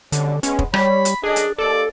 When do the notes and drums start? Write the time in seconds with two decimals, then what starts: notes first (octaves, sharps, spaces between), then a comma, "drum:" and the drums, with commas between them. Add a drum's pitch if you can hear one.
0.12 B2 D3 G3 C#4, drum: hi-hat
0.43 G#3 B3 C#4, drum: hi-hat
0.59 drum: kick
0.74 G3 C#5 B5, drum: rim click
1.05 drum: hi-hat
1.23 F#2 D4 G#4 A4 D#5
1.36 drum: hi-hat
1.58 D#2 A4 D5